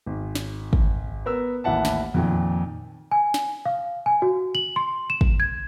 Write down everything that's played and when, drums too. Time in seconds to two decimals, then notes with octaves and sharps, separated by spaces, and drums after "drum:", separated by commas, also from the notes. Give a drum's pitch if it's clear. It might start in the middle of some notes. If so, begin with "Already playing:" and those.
0.06 G#1
0.35 drum: snare
0.73 drum: kick
1.26 B3 A#4 E6
1.64 A1 D#2 E4 F#5 A5
1.85 drum: snare
2.14 F2 A#2 D#3
3.11 G#5
3.34 drum: snare
3.66 F5
4.06 G#5
4.22 F#4
4.55 F#7
4.76 C6
5.10 E7
5.21 drum: kick
5.40 G#6